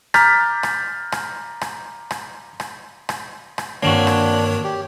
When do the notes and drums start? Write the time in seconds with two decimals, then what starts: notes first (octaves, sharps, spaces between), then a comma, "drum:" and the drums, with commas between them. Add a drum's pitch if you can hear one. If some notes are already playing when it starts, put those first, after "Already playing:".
0.14 A#5 D6 F6 G6 A6 B6, drum: rim click
0.63 drum: rim click
1.12 drum: rim click
1.61 drum: rim click
2.11 drum: rim click
2.60 drum: rim click
3.09 drum: rim click
3.58 drum: rim click
3.82 G2 D#3 A#3 C4 D4 F#4 C#5
4.07 drum: rim click
4.64 G4